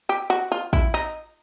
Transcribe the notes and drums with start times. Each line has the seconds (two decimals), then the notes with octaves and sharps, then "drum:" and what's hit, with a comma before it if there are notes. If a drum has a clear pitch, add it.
0.09 G4
0.30 F#4
0.52 F4
0.73 E4, drum: kick
0.94 D#4